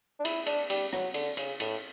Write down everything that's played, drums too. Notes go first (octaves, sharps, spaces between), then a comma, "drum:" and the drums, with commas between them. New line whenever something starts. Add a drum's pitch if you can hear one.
D4
E4, drum: cymbal
D4, drum: cymbal
G3, drum: cymbal
F#3, drum: rim click
D3, drum: cymbal
C#3, drum: cymbal
A2, drum: cymbal